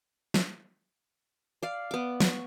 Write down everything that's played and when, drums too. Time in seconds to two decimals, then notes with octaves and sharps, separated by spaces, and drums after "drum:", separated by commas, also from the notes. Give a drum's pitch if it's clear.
0.34 drum: snare
1.63 D5 F5
1.91 B3 D6
2.20 C#6, drum: snare